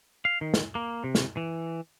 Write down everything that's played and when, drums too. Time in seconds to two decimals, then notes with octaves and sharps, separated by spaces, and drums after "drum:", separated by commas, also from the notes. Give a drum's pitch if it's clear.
0.25 F5
0.41 D#3
0.54 drum: snare
0.75 A#3
1.04 C3
1.15 drum: snare
1.37 E3